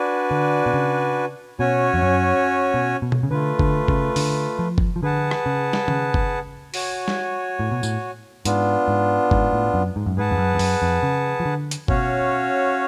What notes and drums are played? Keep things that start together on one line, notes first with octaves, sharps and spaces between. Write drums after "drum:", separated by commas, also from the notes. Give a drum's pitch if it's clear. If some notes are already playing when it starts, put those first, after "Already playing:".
Already playing: D4 F#4 B4 D5 G#5
D3
B2
C#3
B2 C#4 F#4 C#5 G#5
F2
F#2
B2
B2
drum: tom B2
C#3
D3 A3 F4 B4
D3, drum: kick F#1
C#3, drum: kick F#1
D3, drum: open hi-hat
F3
drum: kick F#1
F3
D3 G#4 B4 F#5 A5
drum: rim click
C#3
drum: snare
C#3, drum: tom D#3
drum: kick F#1
F#4 C#5 G#5, drum: open hi-hat
drum: snare
A2
B2
A2, drum: tambourine
G#2 B3 D4 F4, drum: hi-hat
G#2
G#2, drum: kick F#1
A2
F#2
G#2
F#2
G#2 G#4 B4 F#5 A5
F2
F#2
F2
F#2, drum: open hi-hat
F2
C#3
F3
D3
drum: hi-hat
B2 C#4 F#4 C#5 F5, drum: kick F#1